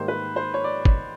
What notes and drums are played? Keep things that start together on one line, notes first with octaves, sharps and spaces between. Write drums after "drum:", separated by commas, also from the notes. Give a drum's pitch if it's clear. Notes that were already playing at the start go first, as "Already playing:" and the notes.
Already playing: G#2 D#3 G3 A#3 D#4 C5
B4
C5
C#5
D5
drum: kick